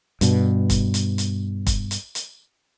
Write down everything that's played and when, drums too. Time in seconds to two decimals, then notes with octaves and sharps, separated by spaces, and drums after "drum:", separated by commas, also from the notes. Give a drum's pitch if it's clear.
0.21 G2 B2, drum: hi-hat
0.70 drum: kick, hi-hat
0.94 drum: hi-hat
1.18 drum: hi-hat
1.67 drum: kick, hi-hat
1.91 drum: hi-hat
2.15 drum: hi-hat